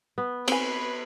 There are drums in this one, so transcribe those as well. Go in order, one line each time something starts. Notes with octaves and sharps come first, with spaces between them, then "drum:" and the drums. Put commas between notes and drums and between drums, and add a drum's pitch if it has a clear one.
B3
C4 B4 G#5, drum: cymbal